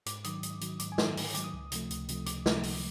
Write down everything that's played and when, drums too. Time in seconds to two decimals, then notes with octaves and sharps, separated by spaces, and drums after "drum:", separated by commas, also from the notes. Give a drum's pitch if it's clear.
0.06 G#2 D6, drum: hi-hat
0.24 D#3 F#3 D#6, drum: hi-hat
0.43 G#2, drum: hi-hat
0.61 D#3 F#3, drum: hi-hat
0.79 G#2 D6, drum: hi-hat
0.92 G#5
0.98 D#3 F#3, drum: snare
1.17 G#2, drum: open hi-hat
1.35 D#3 F#3 D6, drum: hi-hat
1.44 D#6
1.53 C#2
1.72 C3 F3 A3, drum: hi-hat
1.90 C#2, drum: hi-hat
2.08 C3 F3 A3, drum: hi-hat
2.26 C#2 D6, drum: hi-hat
2.46 C3 F3 A3, drum: snare
2.63 C#2, drum: open hi-hat